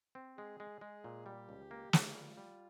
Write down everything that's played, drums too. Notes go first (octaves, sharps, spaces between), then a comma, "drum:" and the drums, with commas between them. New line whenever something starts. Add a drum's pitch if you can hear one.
C4
G#3 G#4
G#3
G#3
A#2
G3 G4
C#2
A#3
A#3, drum: snare
G3 F4
G3